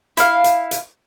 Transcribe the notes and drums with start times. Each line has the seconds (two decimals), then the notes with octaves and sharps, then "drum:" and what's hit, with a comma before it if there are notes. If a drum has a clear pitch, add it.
0.17 E4 F5, drum: hi-hat
0.44 drum: hi-hat
0.71 drum: hi-hat